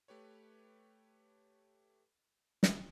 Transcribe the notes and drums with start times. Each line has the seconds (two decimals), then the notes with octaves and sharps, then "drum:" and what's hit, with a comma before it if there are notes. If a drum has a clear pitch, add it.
0.08 A3 G4 B4 C#5
2.63 drum: snare